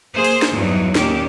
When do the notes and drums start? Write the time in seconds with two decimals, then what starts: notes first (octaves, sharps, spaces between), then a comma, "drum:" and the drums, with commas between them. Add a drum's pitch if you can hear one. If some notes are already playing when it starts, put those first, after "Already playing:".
0.14 A#3 G#4 C5
0.24 drum: cymbal
0.42 drum: snare
0.52 E2 G2 F#3 D#4
0.95 D#2 A#2 D#3 C#4 G4, drum: snare